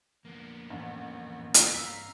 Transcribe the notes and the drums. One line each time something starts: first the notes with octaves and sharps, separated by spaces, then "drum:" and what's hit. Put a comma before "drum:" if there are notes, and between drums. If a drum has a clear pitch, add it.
F2 A#3 B3 D4
A1
drum: hi-hat
G2 C4 F5 A#5 E6 B6